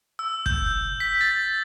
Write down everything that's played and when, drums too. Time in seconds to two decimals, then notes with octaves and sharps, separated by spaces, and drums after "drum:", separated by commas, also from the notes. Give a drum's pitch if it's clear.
0.19 E6
0.46 G6, drum: kick
1.00 B6
1.21 A6